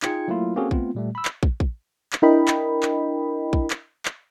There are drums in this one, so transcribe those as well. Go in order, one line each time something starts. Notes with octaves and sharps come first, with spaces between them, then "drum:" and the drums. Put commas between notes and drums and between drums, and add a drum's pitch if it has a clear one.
D#4 F4 G#4 G5 G#6 C#7, drum: clap
F#3 A3 A#3 E4 F4
A#3 C4 C#4 F#4 G#4 A4
A3 B3 C4 F4, drum: kick
A#2 G3 A3
B5 E6
drum: clap
drum: kick
drum: kick
drum: clap
D4 E4 A#4 D#5 G5 B5
drum: clap
drum: clap
drum: kick
drum: clap
drum: clap